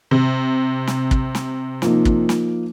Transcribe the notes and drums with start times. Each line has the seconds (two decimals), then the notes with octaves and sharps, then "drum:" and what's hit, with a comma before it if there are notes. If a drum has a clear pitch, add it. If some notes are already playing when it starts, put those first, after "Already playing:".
0.11 C3
0.87 drum: snare
1.11 drum: kick
1.35 drum: snare
1.82 F3 A#3 D#4, drum: snare
2.05 drum: kick
2.29 drum: snare